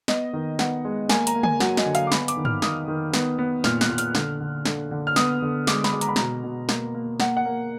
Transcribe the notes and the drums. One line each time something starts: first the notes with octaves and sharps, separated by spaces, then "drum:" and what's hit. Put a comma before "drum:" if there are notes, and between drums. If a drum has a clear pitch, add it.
B3 D#5, drum: snare
D#3
B3 F#5, drum: snare
G#3
A#3 G#5, drum: snare
A#5, drum: hi-hat
A#3
G#5, drum: tom
F#3 F#5, drum: snare
D#5, drum: snare
D3
F5, drum: hi-hat
D6
B3 B5, drum: snare
D6, drum: hi-hat
D#3
F6, drum: tom
D#3 D#6, drum: snare
D#3
B3, drum: snare
B3
A#2 F6, drum: snare
F#6, drum: snare
A#2
F6, drum: hi-hat
D3, drum: snare
D3
D3, drum: snare
D3
F6
B3 D#6, drum: snare
D3
G#3 D6, drum: snare
B5, drum: snare
G#3
A#5, drum: hi-hat
B5
B2 A#5, drum: snare
B2
A#3, drum: snare
A#3
A#3 F#5, drum: snare
F#5
A#3